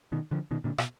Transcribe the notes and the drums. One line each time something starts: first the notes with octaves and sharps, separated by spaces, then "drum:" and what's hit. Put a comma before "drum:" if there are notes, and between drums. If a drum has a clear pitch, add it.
B2 D#3
D3 F3
B2 D#3
A#2 D3
B2, drum: rim click